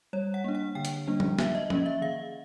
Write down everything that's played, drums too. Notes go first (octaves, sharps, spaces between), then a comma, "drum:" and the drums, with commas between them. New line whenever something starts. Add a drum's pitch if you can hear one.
G3 C#5
F#5
A#3 D4
F#5
D3 G5
drum: hi-hat
G3 A#3 D4
drum: tom F3
F#3 E5, drum: snare
D#5
A#3 C#4 D#5, drum: tom F3
E5
D#3 F5